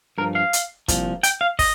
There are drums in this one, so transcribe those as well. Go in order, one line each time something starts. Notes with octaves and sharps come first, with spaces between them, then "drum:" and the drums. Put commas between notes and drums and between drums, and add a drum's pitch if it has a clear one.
G2 F3 A#4
F5
drum: hi-hat
C2 A#2 F3, drum: kick, hi-hat
G5, drum: hi-hat
F5
D#5, drum: kick, open hi-hat